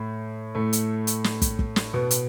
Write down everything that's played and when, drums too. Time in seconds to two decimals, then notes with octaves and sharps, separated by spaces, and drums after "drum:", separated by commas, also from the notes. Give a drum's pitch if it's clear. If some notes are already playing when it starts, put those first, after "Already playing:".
Already playing: A2 A3
0.55 A2 A3
0.73 drum: hi-hat
1.07 drum: hi-hat
1.24 drum: snare
1.42 drum: kick, hi-hat
1.59 drum: kick
1.76 drum: snare
1.93 B2 B3
2.11 drum: hi-hat